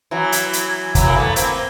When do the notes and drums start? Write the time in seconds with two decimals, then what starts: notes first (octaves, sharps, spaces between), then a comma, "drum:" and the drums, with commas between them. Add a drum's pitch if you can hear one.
0.11 E3 F#3
0.32 drum: hi-hat
0.53 drum: hi-hat
0.95 E3 F#3, drum: kick, hi-hat
1.08 A#3
1.16 A3 B3
1.36 A#3 C4, drum: hi-hat